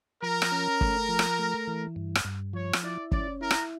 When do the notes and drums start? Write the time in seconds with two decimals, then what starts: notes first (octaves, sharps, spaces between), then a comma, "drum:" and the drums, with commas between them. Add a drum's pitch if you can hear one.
0.22 F3 A#4
0.42 drum: rim click
0.52 C#4
0.81 A3, drum: kick
1.09 F3
1.19 drum: rim click
1.39 A3
1.67 E3
1.96 G2
2.15 drum: rim click
2.25 G2
2.53 F3 C#5
2.73 drum: rim click
2.83 E4 D5
3.12 C#4 D5, drum: kick
3.41 E4 A#4
3.51 drum: rim click